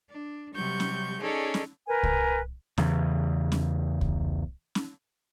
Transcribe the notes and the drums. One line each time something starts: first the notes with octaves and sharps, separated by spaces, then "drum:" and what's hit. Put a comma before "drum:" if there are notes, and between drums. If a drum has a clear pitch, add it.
D4
C3 F#3 G3 C#6 G6
drum: snare C#4
C#4 D#4 G#4 A4 C#5 D5
drum: snare C#4
A#4 B4 G#5
drum: kick C2
E2 C#3 E3, drum: snare C#4
drum: snare C#4
drum: kick C2
drum: snare C#4